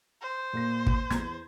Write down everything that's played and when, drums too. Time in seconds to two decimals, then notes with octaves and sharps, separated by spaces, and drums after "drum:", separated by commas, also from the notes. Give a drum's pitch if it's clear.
0.22 C5
0.53 A#2 A#3 A#6
0.87 drum: kick
1.10 E2 A#5 G#6, drum: snare